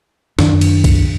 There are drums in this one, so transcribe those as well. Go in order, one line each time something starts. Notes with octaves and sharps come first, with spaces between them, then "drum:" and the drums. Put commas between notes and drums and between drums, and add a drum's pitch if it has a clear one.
F#2 D#3 D4, drum: snare
drum: cymbal
drum: kick, cymbal